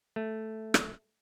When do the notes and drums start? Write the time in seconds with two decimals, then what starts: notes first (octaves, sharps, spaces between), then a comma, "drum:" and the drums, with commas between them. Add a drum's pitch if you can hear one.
0.16 A3
0.74 drum: rim click